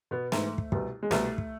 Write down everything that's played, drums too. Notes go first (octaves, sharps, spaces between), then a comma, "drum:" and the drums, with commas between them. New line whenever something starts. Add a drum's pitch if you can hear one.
B2 B3
G#2 E3 A3, drum: snare
drum: kick
C2 B2, drum: kick
G#3
C2 B2 A3, drum: snare
drum: kick